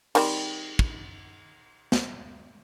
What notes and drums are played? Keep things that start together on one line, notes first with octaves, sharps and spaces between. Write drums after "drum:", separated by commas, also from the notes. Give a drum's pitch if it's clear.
D#3 G3 C4, drum: cymbal
drum: kick
drum: snare